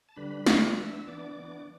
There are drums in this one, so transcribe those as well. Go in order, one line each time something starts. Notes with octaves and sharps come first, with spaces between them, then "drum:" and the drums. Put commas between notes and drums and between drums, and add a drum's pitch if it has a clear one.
A5
D3 G3 D4 B4 B5
D3 G3 D4, drum: snare
E3 B3 D4 E5 E6
E3 B3 D4 D5 D6
E3 B3 D4